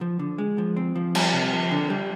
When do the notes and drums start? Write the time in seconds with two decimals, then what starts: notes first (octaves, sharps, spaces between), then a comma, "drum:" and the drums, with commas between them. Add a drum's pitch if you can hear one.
0.01 F3
0.19 D3
0.38 G#3
0.58 F3
0.76 C4
0.96 F3
1.15 G3, drum: cymbal
1.33 C3
1.53 F3
1.71 D3
1.90 G3